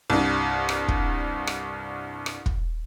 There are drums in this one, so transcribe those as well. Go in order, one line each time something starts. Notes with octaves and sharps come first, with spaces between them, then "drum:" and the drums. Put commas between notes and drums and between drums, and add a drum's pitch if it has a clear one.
C2 G2
drum: rim click
drum: kick
drum: rim click
drum: rim click
drum: kick